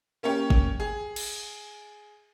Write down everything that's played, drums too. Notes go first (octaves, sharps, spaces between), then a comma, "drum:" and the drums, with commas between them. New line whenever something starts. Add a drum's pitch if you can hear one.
A#3 C#4 G4 C#5
drum: kick G1
G#4
drum: cymbal